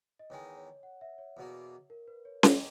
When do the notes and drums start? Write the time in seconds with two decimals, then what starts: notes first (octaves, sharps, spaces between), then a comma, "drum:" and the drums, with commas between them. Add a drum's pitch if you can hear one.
0.19 D#5
0.30 E2 D#3 G#3 C#5
0.57 C#5
0.83 F#5
1.01 E5
1.18 C#5
1.37 E2 B2 A#3
1.90 A#4
2.08 B4
2.25 C#5
2.43 E2 D#3 A#3 C#4 C#5, drum: snare C#4
2.53 D#5